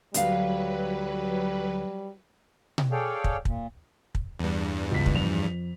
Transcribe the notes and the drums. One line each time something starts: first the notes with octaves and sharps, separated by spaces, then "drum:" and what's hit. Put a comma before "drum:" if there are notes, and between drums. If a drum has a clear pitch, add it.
D2 F#3 G3 B4 F5, drum: hi-hat
drum: tom B2
G#4 A4 C#5 D5 F5 G5
drum: kick
A#2, drum: kick
drum: kick
E2 G2
C#2 B6
drum: kick
F2 F7